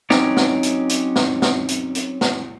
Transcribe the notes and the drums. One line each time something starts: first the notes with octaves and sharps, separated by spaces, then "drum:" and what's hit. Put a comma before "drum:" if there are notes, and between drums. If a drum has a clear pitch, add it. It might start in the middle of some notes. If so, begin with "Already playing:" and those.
F#3 C4 C#4 D#4 D5, drum: snare
drum: snare
drum: hi-hat
drum: hi-hat
drum: snare
drum: snare
drum: hi-hat
drum: hi-hat
drum: snare